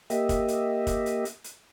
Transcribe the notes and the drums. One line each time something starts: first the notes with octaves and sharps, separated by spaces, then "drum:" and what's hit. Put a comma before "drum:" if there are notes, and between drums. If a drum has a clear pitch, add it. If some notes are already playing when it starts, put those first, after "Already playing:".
A#3 G4 D#5 E5, drum: hi-hat
drum: kick, hi-hat
drum: hi-hat
drum: kick, hi-hat
drum: hi-hat
drum: hi-hat
drum: hi-hat